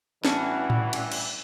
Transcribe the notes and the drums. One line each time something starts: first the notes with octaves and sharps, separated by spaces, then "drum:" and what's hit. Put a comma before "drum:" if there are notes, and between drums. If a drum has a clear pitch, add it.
A1 G2 E3 C#4 D4 F#4, drum: snare
drum: tom A2
drum: cymbal
drum: cymbal